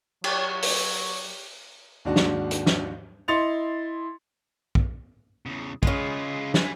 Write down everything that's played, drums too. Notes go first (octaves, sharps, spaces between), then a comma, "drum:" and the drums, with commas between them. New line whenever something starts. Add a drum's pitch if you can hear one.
F#3 G4 C#5 D5, drum: cymbal
drum: open hi-hat
D#2 G#2 D4 F#4
drum: snare
drum: hi-hat
drum: snare
E4 D#5 C6 A6 C#7 F7
drum: kick
E2 C#3
C#3 G#3 F4 B4, drum: kick
B4 G#5, drum: snare